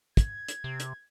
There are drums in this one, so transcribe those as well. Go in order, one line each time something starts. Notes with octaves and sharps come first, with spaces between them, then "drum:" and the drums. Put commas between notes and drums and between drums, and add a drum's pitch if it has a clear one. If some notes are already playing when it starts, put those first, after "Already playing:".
G#6, drum: kick, hi-hat
drum: hi-hat
C3
drum: hi-hat